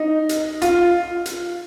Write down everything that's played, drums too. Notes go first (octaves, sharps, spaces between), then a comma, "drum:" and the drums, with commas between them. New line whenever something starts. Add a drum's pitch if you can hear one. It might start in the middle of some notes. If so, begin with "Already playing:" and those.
Already playing: D#4
drum: hi-hat
F4, drum: hi-hat
drum: hi-hat